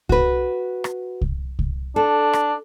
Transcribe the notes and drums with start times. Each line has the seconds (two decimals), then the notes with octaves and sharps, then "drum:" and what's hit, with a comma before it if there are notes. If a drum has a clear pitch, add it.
0.09 F#4 B4, drum: kick C2
0.84 drum: rim click
1.21 drum: kick C2
1.59 drum: kick C2
1.96 D4 A4
2.33 drum: rim click